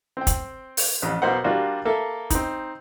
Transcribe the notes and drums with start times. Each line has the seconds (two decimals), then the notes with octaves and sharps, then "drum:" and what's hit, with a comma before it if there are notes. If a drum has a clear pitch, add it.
0.17 C4 G5
0.27 drum: kick, hi-hat
0.77 drum: open hi-hat
1.02 A1 F2
1.22 B1 B2 A#3 C5 F#5
1.44 G3 A#3 D4 F4 F#4
1.85 A#3 A4 E5
2.30 C4 D#4, drum: kick, hi-hat